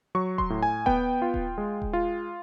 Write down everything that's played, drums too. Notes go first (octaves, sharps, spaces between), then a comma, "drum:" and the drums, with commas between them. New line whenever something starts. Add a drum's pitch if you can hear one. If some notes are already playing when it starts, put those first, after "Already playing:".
F#3 C#6
C6, drum: kick D#1
A2
G#5
B3 G5, drum: kick D#1
F4
drum: kick D#1
G#3
drum: kick D#1
F4